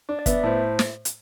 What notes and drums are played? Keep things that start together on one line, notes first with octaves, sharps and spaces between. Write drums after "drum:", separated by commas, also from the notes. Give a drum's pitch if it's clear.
D4
D5
B3 E5, drum: kick, hi-hat
A2 C5
drum: snare
drum: hi-hat